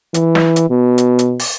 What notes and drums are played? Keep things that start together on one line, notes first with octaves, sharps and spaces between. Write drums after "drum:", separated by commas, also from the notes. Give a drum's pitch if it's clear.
E3, drum: hi-hat
drum: snare
drum: hi-hat
B2
drum: hi-hat
drum: hi-hat
drum: open hi-hat